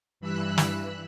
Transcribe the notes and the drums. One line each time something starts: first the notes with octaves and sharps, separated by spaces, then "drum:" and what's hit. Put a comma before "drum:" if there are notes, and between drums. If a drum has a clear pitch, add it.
G2 E3 B5 E6 F#6
drum: snare